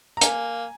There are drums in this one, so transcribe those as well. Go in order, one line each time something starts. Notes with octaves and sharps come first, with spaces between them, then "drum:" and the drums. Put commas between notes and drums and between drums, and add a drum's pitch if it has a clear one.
A#5
A#3 G#5, drum: hi-hat